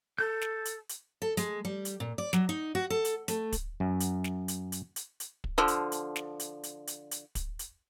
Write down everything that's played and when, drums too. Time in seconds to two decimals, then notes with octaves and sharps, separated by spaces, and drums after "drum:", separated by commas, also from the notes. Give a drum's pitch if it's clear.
0.18 A4 G6
0.41 drum: snare
0.65 drum: hi-hat
0.89 drum: hi-hat
1.22 A4
1.37 G#3, drum: hi-hat
1.65 G3
1.85 drum: hi-hat
2.00 A#2
2.18 D5
2.33 F#3, drum: snare
2.49 D#4
2.75 F#4
2.90 A4
3.05 drum: hi-hat
3.28 A3, drum: hi-hat
3.52 drum: kick, hi-hat
3.80 F#2
4.00 drum: hi-hat
4.24 drum: snare
4.48 drum: hi-hat
4.72 drum: hi-hat
4.96 drum: hi-hat
5.20 drum: hi-hat
5.44 drum: kick
5.58 D3 F3
5.68 drum: hi-hat
5.92 drum: hi-hat
6.16 drum: snare
6.40 drum: hi-hat
6.63 drum: hi-hat
6.87 drum: hi-hat
7.11 drum: hi-hat
7.35 drum: kick, hi-hat
7.59 drum: hi-hat